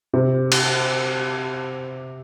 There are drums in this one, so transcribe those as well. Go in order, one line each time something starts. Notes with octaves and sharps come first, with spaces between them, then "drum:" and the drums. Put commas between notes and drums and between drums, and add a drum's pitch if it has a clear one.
C3
drum: cymbal